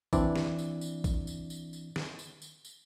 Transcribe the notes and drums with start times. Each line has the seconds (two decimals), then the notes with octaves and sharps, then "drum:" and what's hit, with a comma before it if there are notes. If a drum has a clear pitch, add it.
0.13 E3 C4 D4 E4 D5, drum: kick A1, tambourine
0.36 drum: snare
0.58 drum: tambourine
0.81 drum: tambourine
1.04 drum: kick A1, tambourine
1.27 drum: tambourine
1.50 drum: tambourine
1.73 drum: tambourine
1.96 drum: snare
2.19 drum: tambourine
2.42 drum: tambourine
2.65 drum: tambourine